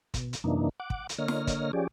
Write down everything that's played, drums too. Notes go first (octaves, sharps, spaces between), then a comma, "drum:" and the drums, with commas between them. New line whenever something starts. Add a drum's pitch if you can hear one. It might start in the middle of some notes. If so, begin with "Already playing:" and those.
B2, drum: kick, hi-hat
drum: hi-hat
F#2 C3 E3 A#3 D4 D#4
F#5 D6
drum: kick
drum: hi-hat
D3 A#3 C#5 D#5 F6 A#6
drum: snare
drum: kick, hi-hat
F3 C#4 G4 G#4 D5